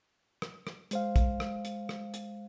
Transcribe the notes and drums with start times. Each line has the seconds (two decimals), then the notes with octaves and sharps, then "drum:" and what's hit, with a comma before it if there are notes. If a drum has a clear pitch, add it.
0.42 drum: rim click
0.67 drum: rim click
0.91 G#3 C5 F5, drum: hi-hat
1.16 drum: kick, hi-hat
1.40 drum: rim click
1.65 drum: hi-hat
1.89 drum: rim click
2.14 drum: hi-hat